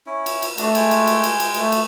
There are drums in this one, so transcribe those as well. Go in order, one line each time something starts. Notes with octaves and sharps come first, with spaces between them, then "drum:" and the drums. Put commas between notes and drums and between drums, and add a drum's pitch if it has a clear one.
C#4 E4
drum: cymbal
drum: cymbal
A3 D4 F#4, drum: cymbal
G#3 G5 G#5, drum: cymbal
drum: cymbal
drum: cymbal
drum: cymbal
drum: cymbal
A3, drum: cymbal
drum: cymbal